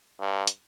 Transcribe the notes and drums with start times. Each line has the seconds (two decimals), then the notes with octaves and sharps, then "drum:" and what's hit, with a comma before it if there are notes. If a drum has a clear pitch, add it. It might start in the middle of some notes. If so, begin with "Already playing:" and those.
0.20 G2
0.47 drum: hi-hat